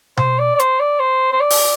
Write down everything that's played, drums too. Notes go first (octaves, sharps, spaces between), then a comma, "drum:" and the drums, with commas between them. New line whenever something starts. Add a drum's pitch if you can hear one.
C5, drum: tom B2
D5
D5
C5, drum: hi-hat
D5
C5
C5
D5
drum: open hi-hat